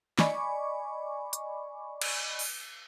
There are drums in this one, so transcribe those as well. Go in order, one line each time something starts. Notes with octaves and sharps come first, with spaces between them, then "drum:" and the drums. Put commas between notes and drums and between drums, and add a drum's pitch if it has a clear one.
D5 D#5 G#5 B5 C#6 D6, drum: snare
drum: hi-hat
drum: cymbal
drum: open hi-hat